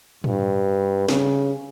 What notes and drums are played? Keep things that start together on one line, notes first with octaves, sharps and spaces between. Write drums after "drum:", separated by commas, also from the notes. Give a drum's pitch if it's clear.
G2, drum: tom A2
C#3, drum: snare